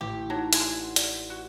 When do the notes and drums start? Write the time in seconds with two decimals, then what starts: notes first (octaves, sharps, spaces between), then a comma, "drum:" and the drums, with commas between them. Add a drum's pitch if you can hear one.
0.01 A1 G4
0.30 F#3 D#4
0.53 D4 G#5 C6, drum: hi-hat
0.79 F#5
0.96 D5, drum: hi-hat
1.30 F#4